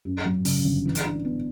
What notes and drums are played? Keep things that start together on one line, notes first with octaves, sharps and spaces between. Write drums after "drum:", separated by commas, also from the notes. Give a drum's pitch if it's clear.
F#2
F#3
C#3, drum: open hi-hat
G1
E3
drum: hi-hat
D4
B3